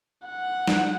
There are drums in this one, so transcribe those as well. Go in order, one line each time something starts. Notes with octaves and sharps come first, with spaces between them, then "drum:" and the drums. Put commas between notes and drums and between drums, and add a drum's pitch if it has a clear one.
F#5
drum: snare